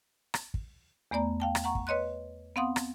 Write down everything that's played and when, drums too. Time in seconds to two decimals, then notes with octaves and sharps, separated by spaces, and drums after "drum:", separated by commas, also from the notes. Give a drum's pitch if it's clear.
0.34 drum: rim click
0.54 drum: kick
1.11 E2 A3 B3 D5 A#5
1.40 F5 G5 A5
1.55 drum: rim click
1.64 F#5 A#5 C#6
1.75 drum: kick
1.87 B4 C#5 D#5 C6 F#6
2.56 B3 C4 F5 F#5 C6 D#6
2.76 drum: rim click